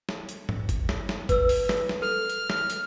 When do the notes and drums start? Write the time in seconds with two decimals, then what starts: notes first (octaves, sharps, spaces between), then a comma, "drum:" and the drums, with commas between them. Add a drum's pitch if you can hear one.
0.09 drum: snare
0.29 drum: hi-hat
0.49 drum: tom G#2
0.69 drum: kick G1, hi-hat
0.89 drum: snare
1.09 drum: snare
1.29 B4 E6, drum: kick G1, hi-hat
1.49 drum: open hi-hat
1.69 drum: snare
1.89 drum: snare
2.02 A4 F6
2.30 drum: hi-hat
2.50 drum: snare
2.70 drum: hi-hat